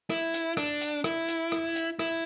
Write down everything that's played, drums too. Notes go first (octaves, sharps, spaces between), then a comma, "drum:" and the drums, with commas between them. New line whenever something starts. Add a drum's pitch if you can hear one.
E4, drum: rim click
drum: hi-hat
D4, drum: rim click
drum: hi-hat
E4, drum: rim click
drum: hi-hat
drum: rim click
drum: hi-hat
E4, drum: rim click